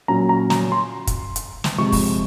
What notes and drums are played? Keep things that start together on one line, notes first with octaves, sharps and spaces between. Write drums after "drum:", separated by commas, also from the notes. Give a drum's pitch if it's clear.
A#2 F#3 C#4 A#5
A#5
A#5, drum: snare
C6
drum: kick, hi-hat
drum: hi-hat
drum: snare
C3 F3 G#3 C#6
drum: kick, open hi-hat